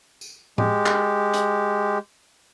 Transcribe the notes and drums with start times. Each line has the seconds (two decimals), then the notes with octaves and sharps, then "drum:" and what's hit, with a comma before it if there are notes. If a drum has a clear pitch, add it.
0.21 drum: tambourine
0.58 G#3 G4, drum: tom A2
0.86 drum: clap
1.33 drum: hi-hat